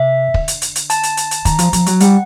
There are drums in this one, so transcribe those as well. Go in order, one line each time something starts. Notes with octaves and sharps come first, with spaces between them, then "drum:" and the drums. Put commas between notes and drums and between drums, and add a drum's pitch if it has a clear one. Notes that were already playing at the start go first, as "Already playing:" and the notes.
Already playing: C3 E5
D3, drum: kick
drum: hi-hat
drum: hi-hat
drum: hi-hat
A5, drum: hi-hat
drum: hi-hat
drum: hi-hat
drum: hi-hat
D#3 A#5, drum: kick, hi-hat
F3, drum: hi-hat
F3, drum: hi-hat
F#3, drum: hi-hat
G3 F#5, drum: hi-hat